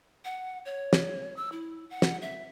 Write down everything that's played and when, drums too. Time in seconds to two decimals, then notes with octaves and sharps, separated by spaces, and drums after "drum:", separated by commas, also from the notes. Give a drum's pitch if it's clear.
0.25 F#5
0.65 C#5
0.93 drum: snare
1.37 E6
1.52 E4
1.90 F#5
2.02 drum: snare
2.22 E5